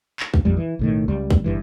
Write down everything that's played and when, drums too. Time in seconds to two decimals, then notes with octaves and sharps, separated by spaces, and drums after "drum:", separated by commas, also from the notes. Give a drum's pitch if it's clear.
0.20 drum: clap
0.34 drum: kick
0.45 A#1 F2 G3
0.57 E3
0.79 B1 A2 D#3
1.08 C#2 G3
1.30 drum: kick
1.44 F#1 C2 G2 E3